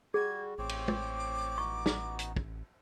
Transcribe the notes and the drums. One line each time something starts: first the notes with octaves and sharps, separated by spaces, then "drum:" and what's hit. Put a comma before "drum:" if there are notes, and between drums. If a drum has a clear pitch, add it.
G3 F#4 G#4 G#6
A1 C4 C5 C#5 D6
drum: cymbal
drum: tom
B3 D#4 F#4 C#6
drum: snare
drum: hi-hat
drum: kick